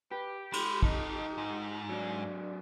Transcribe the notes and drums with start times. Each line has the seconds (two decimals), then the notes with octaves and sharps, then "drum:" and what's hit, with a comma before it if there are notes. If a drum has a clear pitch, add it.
0.11 G4 B4
0.53 G#3 B5, drum: cymbal
0.83 D#4 A4 D#5, drum: kick
1.38 G#2
1.89 F#3 D4